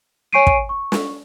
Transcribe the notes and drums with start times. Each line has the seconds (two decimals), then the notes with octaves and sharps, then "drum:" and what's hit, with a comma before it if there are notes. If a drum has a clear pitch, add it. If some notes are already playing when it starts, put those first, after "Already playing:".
0.33 C#5 G#5 C#6 C7 D7 D#7
0.47 drum: kick
0.69 C#6
0.92 drum: snare